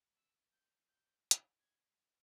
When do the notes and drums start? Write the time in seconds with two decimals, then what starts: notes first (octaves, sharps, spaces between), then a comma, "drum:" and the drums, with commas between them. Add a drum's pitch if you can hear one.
0.16 E6
0.52 G6
0.88 G6
1.31 drum: hi-hat
1.60 G#6